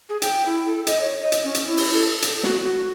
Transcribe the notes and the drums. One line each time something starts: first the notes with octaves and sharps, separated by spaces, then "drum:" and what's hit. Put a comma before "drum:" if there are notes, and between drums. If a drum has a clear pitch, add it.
G#4
G5, drum: hi-hat
E4
A4
D#5, drum: hi-hat
C#5
D#5
drum: hi-hat
C#4
drum: hi-hat
E4
drum: open hi-hat
A4
drum: hi-hat
F#4, drum: snare
F#4